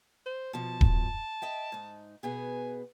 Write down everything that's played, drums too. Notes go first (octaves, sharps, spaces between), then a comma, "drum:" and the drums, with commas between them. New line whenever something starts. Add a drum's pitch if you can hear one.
C5
B2 F3 A5
drum: kick D#1
D#5 E5 G5
G#2 D#4
B2 B3 G#4 G#5